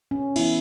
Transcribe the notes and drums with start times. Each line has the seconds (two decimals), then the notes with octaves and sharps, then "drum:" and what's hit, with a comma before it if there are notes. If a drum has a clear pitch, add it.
0.11 C#4
0.36 E3 B3 E4, drum: cymbal